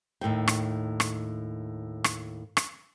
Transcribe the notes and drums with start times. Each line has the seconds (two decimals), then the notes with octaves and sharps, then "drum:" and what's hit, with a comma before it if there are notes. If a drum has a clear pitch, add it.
0.21 D#2 A2 C3 G5
0.48 drum: rim click
1.00 drum: rim click
2.04 drum: rim click
2.57 drum: rim click